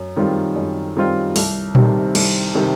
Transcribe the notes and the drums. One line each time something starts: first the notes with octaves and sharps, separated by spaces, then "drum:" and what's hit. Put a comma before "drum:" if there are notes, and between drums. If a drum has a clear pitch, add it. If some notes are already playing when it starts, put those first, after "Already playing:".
Already playing: F#2
D#3 G3 C4 F4
F#2
D#3 G3 C4 F4
C2, drum: open hi-hat
C3 D#3 G3, drum: tom A#2
C2, drum: cymbal
C3 D#3 G3